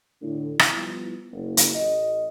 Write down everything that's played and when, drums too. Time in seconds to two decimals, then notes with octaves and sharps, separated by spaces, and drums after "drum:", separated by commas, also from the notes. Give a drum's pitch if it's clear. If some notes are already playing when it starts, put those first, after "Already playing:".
0.22 A2 D3
0.59 drum: rim click
0.72 F3 G3 B3 E4
1.32 F#1
1.57 drum: hi-hat
1.75 A1 D#5